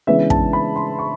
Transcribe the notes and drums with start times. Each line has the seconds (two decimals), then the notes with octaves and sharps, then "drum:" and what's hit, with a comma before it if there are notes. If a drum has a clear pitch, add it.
0.07 C#3 E3 G#3 B3 D4 E5
0.30 A5, drum: kick
0.53 B5
0.76 C6
0.99 C#6